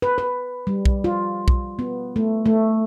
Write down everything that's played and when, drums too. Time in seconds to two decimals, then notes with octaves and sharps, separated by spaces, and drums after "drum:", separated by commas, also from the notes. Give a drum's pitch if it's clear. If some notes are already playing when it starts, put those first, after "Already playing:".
0.02 B4
0.18 B4
0.67 G3
0.85 drum: kick
1.04 F4
1.48 drum: kick
1.79 B3
2.16 A3
2.46 A3